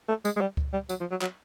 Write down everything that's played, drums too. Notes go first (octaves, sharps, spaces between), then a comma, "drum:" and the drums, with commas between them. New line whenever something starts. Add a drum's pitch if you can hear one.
A3
G#3, drum: tambourine
G#3
G3
drum: kick C#2
G3
F#3, drum: tambourine
F3
F#3
F#3, drum: clap